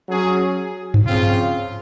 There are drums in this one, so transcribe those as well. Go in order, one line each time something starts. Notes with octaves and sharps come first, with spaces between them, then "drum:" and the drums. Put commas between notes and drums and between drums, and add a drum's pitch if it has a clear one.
F#3 C#4 G#4
drum: tom G2
C#3 F3 C4 F4